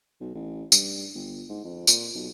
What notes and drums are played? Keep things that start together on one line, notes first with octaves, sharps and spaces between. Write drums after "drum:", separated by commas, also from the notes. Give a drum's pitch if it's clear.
B1
A1
G2, drum: tambourine
G1
G#2
F2
A#2, drum: tambourine
B1